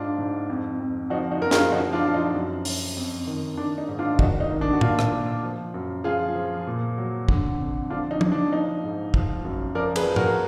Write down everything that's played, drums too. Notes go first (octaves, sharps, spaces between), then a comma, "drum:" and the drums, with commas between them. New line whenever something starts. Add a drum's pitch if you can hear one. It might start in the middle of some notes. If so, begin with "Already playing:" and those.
Already playing: G#2 D4 F4
G#2
F2
F2
F3 D#4 F#4
D#4 F#4
F#2 A#4
F4 G#4, drum: snare
F3 D#4 F#4
D4 F4
F3 F4
D#4
F#2
F#2, drum: open hi-hat
F2
D#3
D#3 D4
D#4
G#2
D4 F4
D#3 D#4 F#4, drum: kick
D#4
D#3
D4
F#4
A#2 D4 F4, drum: tom A2
drum: rim click
A#2
F3
F#2
F3 F4 G#4
F3
A#2
F#3
D3, drum: kick
F2
F3 D4 F4
D#4
F3, drum: tom
D4
F3 D#4
G#2
F3, drum: kick
F#2
F3 A#4 D5
G#4 B4, drum: cymbal
F3
F#4 A#4, drum: tom G#2